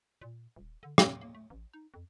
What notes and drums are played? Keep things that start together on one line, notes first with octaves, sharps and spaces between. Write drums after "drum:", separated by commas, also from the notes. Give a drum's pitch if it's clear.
A#2
D#1
D3
A#3, drum: rim click
A#3
A3
A1
D#4
F2